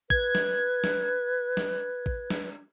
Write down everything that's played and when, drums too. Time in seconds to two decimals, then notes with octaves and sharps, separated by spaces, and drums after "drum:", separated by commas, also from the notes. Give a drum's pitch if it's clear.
0.10 B4 G#6, drum: kick A1
0.35 drum: snare
0.84 drum: snare
1.57 drum: snare
2.06 drum: kick A1
2.30 drum: snare